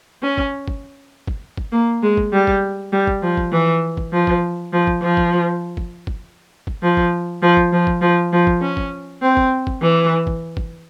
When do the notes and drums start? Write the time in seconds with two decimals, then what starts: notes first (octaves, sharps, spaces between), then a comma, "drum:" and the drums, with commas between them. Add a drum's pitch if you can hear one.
0.23 C#4
0.38 drum: kick
0.68 drum: kick
1.27 drum: kick
1.57 drum: kick
1.72 A#3
2.03 G#3
2.17 drum: kick
2.32 G3
2.47 drum: kick
2.92 G3
3.07 drum: kick
3.23 F3
3.37 drum: kick
3.52 E3
3.97 drum: kick
4.13 F3
4.27 drum: kick
4.73 F3
4.87 drum: kick
5.02 F3
5.17 drum: kick
5.77 drum: kick
6.07 drum: kick
6.67 drum: kick
6.83 F3
6.97 drum: kick
7.42 F3
7.57 drum: kick
7.73 F3
7.87 drum: kick
8.02 F3
8.33 F3
8.47 drum: kick
8.62 C#4
8.77 drum: kick
9.22 C4
9.37 drum: kick
9.67 drum: kick
9.82 E3
10.27 drum: kick
10.57 drum: kick